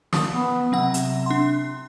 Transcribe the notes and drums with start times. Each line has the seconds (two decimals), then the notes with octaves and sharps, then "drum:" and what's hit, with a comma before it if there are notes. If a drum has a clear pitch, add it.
0.13 D#6, drum: snare
0.34 B3
0.72 C3 F#3 C4 F#5
0.94 drum: hi-hat
1.26 D4 C6